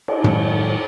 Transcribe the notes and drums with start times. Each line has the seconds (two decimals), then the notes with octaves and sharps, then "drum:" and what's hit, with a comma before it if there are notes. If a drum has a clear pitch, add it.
0.08 drum: cymbal
0.24 A2 D#3 F#3 G#3, drum: tom